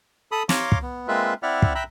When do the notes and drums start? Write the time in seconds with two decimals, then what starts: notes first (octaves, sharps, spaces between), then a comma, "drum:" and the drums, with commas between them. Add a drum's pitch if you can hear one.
0.32 A4 B5 D#6
0.49 C#5 F5 A#5 C6 D6, drum: snare
0.72 drum: kick
0.82 B3
1.08 G#3 A#3 C4 F4 B4 E5
1.43 C4 E4 D5 E5 F#5 F6
1.62 drum: kick
1.75 E5 G5 A#5 B5 E6 F#6